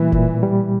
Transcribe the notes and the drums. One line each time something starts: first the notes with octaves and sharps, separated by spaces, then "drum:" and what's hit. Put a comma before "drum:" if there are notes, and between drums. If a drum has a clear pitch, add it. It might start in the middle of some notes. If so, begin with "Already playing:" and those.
Already playing: A#2 E3 G3 A#3
A#2, drum: kick F1
G3